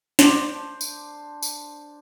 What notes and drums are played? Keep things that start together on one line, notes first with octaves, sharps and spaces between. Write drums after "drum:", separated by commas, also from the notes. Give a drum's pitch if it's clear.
D4 C5, drum: snare
drum: tambourine
drum: tambourine